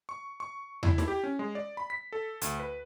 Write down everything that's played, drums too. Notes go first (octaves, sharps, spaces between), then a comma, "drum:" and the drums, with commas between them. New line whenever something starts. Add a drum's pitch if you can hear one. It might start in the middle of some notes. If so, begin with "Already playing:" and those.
C#6
C#6
E4, drum: tom E2
drum: snare
G4
C#4
G#3
D5
B5
B6
A4
D2, drum: hi-hat
B4